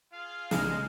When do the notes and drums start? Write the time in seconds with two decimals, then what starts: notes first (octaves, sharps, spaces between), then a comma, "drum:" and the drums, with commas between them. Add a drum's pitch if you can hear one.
0.12 F4 G#4 F5
0.51 A#1 C#3 G#3 F6, drum: snare